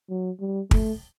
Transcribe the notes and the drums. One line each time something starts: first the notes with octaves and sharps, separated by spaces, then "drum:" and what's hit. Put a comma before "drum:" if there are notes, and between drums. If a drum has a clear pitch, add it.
F#3
G3
A3, drum: kick